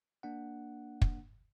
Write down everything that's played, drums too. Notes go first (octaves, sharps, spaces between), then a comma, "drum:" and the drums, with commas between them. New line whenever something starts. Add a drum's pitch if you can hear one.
A#3 D4 F#5
drum: kick